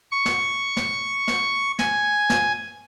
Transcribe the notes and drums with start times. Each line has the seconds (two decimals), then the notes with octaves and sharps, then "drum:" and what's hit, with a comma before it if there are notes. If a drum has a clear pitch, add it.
0.11 C#6
0.25 drum: snare
0.77 drum: snare
1.28 drum: snare
1.79 G#5, drum: snare
2.30 drum: snare